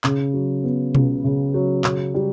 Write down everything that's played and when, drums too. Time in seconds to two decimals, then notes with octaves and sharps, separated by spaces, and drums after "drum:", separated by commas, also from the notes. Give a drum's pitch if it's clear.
0.04 C#3, drum: clap
0.34 F#3
0.64 B3
0.95 C#2, drum: tom B2
1.24 C#3
1.54 F#3
1.84 C#3, drum: clap
2.14 G3